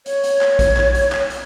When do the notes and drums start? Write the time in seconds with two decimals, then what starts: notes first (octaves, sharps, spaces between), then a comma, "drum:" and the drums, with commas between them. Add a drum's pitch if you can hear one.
0.06 C#5, drum: hi-hat
0.24 drum: hi-hat
0.41 drum: clap
0.59 drum: kick A#1, hi-hat
0.77 drum: clap
0.95 drum: hi-hat
1.12 drum: clap
1.30 drum: hi-hat